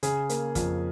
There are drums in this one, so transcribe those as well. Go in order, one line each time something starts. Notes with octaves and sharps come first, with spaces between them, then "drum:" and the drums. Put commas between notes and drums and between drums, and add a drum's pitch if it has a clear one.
C#3 G#4, drum: hi-hat
A#3, drum: hi-hat
F2, drum: kick, hi-hat